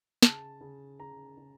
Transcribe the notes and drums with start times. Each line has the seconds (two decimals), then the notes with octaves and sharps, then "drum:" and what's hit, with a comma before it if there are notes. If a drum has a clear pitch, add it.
0.23 C#3 A5, drum: snare
0.61 C#3
0.99 C#3 A#5
1.37 C#3